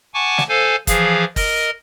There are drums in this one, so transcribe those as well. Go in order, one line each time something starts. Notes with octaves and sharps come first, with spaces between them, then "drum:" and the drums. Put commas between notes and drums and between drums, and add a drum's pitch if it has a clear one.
F#5 G#5 A5 C#6 D6
drum: snare
A4 C5 F5 G#5
E3 F3 G#4 F5, drum: kick, hi-hat
A#4 D#5, drum: kick, open hi-hat